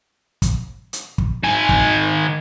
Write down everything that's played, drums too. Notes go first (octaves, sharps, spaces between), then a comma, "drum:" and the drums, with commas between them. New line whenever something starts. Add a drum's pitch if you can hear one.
drum: kick, hi-hat
drum: hi-hat
drum: kick
D#3 G#5
drum: kick